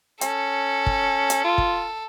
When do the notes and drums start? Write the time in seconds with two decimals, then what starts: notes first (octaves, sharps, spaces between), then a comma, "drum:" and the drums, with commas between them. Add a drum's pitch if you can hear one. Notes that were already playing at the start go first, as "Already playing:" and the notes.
0.21 C#4 A4, drum: hi-hat
0.86 drum: kick
1.30 drum: hi-hat
1.44 F4
1.58 drum: kick